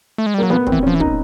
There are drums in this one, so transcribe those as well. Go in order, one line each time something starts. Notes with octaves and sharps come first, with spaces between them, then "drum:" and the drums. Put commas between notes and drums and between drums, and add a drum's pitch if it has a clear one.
A3
G#3
G3
F#3 A#3
F3 B3
C4, drum: kick
E3
F3 C#4
E3
D#4, drum: kick